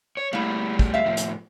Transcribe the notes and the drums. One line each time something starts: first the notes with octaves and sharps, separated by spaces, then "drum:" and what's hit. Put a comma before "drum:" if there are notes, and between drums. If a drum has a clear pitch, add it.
C#5
G3 A3 A#3 E4
drum: kick
E5 F5
A2 F3
drum: hi-hat